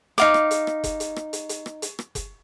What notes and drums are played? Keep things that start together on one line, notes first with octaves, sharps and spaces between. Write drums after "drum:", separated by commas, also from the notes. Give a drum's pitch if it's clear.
D#4 F5 D6, drum: hi-hat
drum: rim click
drum: hi-hat
drum: rim click
drum: kick F#1, hi-hat
drum: hi-hat
drum: rim click
drum: hi-hat
drum: hi-hat
drum: rim click
drum: hi-hat
drum: rim click
drum: kick F#1, hi-hat